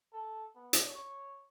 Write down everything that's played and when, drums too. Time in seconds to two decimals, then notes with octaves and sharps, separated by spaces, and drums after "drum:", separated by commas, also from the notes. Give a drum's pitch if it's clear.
0.13 A4
0.55 B3
0.73 drum: hi-hat
0.88 C#5